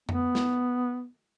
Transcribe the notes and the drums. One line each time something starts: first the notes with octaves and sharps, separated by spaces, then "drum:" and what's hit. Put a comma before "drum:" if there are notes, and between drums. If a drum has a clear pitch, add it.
B3, drum: tom F2
drum: snare